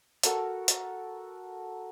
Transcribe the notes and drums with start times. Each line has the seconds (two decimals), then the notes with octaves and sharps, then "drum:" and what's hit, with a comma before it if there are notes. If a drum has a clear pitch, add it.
0.23 F#4 A4 A#4 A5, drum: hi-hat
0.68 drum: hi-hat